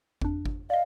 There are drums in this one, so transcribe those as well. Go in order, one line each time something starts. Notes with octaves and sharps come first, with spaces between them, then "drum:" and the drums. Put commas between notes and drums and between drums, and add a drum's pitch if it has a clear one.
F2 D4, drum: kick G1
drum: kick G1
D5 D#5 F5